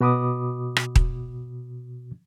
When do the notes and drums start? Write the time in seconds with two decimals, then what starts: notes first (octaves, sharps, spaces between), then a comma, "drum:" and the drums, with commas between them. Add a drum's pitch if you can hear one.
0.01 B2 F#4 B5 D6 D#6
0.77 drum: rim click
0.95 drum: kick D#1